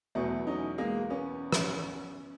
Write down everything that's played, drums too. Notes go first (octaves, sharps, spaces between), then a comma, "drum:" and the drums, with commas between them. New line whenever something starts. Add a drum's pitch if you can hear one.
E2 B2 F#3 A3 B3
C#4 D#4
G#3 A#3
B3 C#4
drum: rim click